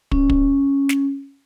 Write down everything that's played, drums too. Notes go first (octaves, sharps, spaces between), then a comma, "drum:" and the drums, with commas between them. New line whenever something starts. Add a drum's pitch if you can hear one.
C#4, drum: kick
drum: kick
drum: snare